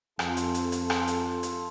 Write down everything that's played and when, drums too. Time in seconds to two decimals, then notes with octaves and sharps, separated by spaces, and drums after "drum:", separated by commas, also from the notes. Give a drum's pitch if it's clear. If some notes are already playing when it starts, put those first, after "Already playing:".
0.19 F2 F4 A4, drum: rim click
0.37 drum: hi-hat
0.54 drum: hi-hat
0.72 drum: hi-hat
0.90 drum: rim click
1.07 drum: hi-hat
1.43 drum: hi-hat